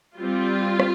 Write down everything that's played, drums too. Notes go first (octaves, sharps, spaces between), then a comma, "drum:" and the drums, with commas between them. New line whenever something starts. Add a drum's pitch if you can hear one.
G3 C4 F4
drum: rim click